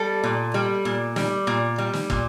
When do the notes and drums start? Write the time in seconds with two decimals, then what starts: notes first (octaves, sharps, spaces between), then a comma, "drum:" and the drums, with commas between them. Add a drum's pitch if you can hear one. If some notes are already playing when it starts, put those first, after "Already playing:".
Already playing: G3 A4
0.24 A#2
0.54 G3
0.85 A#2
1.16 G3, drum: snare
1.47 A#2
1.78 G3
1.93 drum: snare
2.10 A#2, drum: kick